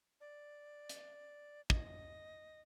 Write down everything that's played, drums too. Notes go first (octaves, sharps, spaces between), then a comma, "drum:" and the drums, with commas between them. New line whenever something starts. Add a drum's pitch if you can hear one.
D5
drum: hi-hat
D#5, drum: kick